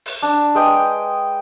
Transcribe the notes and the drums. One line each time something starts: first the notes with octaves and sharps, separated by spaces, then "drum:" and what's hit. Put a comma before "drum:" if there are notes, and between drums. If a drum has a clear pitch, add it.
drum: open hi-hat
D4
G#3 B4 G5 D#6